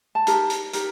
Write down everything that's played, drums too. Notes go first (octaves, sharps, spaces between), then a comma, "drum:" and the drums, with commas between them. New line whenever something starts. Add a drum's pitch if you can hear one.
A5
D#4 G4 A#4, drum: hi-hat
drum: hi-hat
D#4 G4 A#4, drum: hi-hat